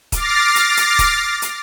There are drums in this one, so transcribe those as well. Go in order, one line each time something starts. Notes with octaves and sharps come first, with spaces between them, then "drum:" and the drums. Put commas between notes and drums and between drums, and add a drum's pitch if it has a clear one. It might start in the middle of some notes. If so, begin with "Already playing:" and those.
D6 F6 A6 A#6 C7, drum: kick, hi-hat
drum: hi-hat
drum: hi-hat
drum: kick, hi-hat
drum: hi-hat